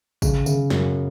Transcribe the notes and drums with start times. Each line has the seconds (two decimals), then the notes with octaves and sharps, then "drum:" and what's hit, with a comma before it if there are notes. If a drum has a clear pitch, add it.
0.22 C#3, drum: kick, tambourine
0.46 C#3, drum: tambourine
0.70 F#2, drum: snare